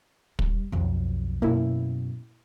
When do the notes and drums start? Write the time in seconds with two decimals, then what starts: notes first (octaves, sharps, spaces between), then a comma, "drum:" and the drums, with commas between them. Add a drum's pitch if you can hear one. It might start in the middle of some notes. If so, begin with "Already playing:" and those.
0.39 G3, drum: kick
0.72 B1 F2
1.42 F#2 B2 A#3 E4